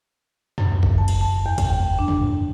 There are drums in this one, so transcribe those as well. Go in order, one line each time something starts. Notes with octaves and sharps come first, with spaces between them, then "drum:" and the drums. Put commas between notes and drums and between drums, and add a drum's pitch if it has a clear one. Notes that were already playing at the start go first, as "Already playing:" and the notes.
F#2, drum: tom
drum: kick
A5
drum: cymbal
A5
E2
drum: kick, cymbal
G5
D4
drum: tom